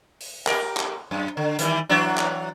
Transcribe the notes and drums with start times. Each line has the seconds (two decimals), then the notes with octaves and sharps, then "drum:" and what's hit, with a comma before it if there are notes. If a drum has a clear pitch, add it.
0.21 drum: open hi-hat
0.47 G4 A#4, drum: clap
0.77 drum: clap
1.11 F#2
1.37 D3
1.59 D#3 E3 G3, drum: hi-hat
1.89 E3 F#3 D4
2.18 drum: clap